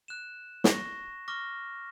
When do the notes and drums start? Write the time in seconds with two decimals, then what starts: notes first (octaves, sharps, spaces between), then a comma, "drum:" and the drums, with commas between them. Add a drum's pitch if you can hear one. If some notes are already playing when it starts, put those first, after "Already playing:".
0.08 F#6 E7
0.64 C#6 A#6, drum: snare
1.28 C#6 D6 F6 A#6